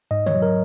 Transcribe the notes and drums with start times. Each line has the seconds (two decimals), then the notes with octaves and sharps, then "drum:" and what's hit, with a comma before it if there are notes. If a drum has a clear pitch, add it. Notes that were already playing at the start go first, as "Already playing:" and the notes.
0.11 G#2 D#5
0.26 C#5, drum: tom
0.35 F#3
0.42 A#4